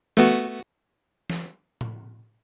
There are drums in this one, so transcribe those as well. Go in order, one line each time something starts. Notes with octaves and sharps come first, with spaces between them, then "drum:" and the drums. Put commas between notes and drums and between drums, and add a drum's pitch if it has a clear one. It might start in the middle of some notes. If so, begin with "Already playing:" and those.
A3 B3 F#4, drum: snare
drum: snare
drum: tom A2